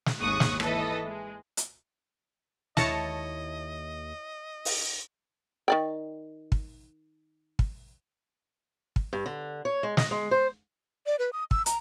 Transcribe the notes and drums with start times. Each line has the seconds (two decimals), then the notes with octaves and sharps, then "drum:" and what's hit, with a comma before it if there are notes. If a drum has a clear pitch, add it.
0.06 drum: snare
0.20 G#1 D#2 G#3 C#6 D#6 F#6
0.40 drum: snare
0.60 E3 A4 B4 D#5, drum: rim click
1.05 G#3
1.57 drum: hi-hat
2.77 D#2 E4 C#5 D#5 A5 A#6 C#7, drum: snare
4.65 drum: open hi-hat
5.68 D#3 D5 G5
6.52 drum: kick
7.59 drum: kick
8.96 drum: kick
9.13 G2
9.26 D3
9.65 C#5
9.83 G#3
9.97 D#5, drum: snare
10.11 G#3
10.31 C5
11.06 D5
11.19 B4
11.33 D#6
11.51 E6, drum: kick
11.66 A#5, drum: hi-hat